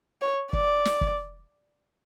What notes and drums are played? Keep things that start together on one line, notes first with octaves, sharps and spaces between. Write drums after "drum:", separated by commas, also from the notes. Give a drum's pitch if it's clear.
C#5
D5, drum: kick
drum: snare
drum: kick